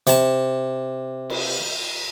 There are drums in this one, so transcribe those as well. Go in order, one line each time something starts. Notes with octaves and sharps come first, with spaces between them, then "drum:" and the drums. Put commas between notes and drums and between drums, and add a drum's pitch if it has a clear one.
C3 A5, drum: hi-hat
drum: cymbal